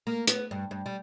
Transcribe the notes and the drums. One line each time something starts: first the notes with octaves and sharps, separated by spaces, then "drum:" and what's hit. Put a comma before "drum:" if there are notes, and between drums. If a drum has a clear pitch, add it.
A#3
B3, drum: hi-hat
G2
G2
G3